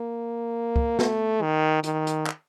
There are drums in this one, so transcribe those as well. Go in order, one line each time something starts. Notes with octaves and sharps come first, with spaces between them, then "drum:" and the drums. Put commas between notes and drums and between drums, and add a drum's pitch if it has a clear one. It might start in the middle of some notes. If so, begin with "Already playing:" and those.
Already playing: A#3
drum: kick
A3, drum: snare
D#3
D#3, drum: hi-hat
drum: hi-hat
drum: clap